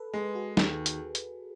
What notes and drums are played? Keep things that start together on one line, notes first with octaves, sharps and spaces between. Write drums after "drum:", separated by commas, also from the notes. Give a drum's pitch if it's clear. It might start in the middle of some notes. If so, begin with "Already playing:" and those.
Already playing: A4 B4
G#3 G#4
F#4
D#2 G#4, drum: snare
drum: hi-hat
drum: hi-hat